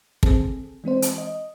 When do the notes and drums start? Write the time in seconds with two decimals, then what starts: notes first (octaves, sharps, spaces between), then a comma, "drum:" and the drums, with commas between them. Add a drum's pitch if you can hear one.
0.23 C4 G#4 A4, drum: kick
0.84 E3 G#3 C4 C5
1.02 drum: hi-hat
1.18 D#5